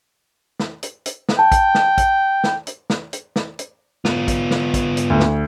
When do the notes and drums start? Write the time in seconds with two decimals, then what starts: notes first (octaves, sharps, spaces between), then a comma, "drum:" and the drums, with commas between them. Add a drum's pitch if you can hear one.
0.60 drum: snare
0.83 drum: hi-hat
1.06 drum: hi-hat
1.29 drum: snare
1.39 G5 A5
1.52 drum: kick, hi-hat
1.75 drum: snare
1.98 drum: kick, hi-hat
2.44 drum: snare
2.67 drum: hi-hat
2.90 drum: snare
3.13 drum: hi-hat
3.36 drum: snare
3.59 drum: hi-hat
4.05 B3 F4, drum: snare
4.28 drum: kick, hi-hat
4.51 drum: snare
4.74 drum: kick, hi-hat
4.97 drum: hi-hat
5.10 D2
5.20 drum: snare